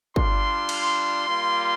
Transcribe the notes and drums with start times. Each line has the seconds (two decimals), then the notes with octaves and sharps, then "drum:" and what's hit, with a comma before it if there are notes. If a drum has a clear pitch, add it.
0.16 G3 D4 F4 C6, drum: kick
0.69 drum: cymbal
1.26 G3 A#3 F4